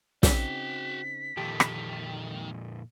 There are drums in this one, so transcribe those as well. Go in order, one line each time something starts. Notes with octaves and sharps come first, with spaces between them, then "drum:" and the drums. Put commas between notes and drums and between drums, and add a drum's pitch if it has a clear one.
C#3 C4 D#4 F#4 G5 B6, drum: snare
F2 A#2 D#3 G4 A4
drum: rim click